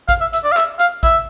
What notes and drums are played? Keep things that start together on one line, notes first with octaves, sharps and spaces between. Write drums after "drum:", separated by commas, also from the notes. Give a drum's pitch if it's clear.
F5, drum: kick A1, hi-hat
E5
E5, drum: hi-hat
D5
F5
E5, drum: clap
F5, drum: hi-hat
E5, drum: kick A1, hi-hat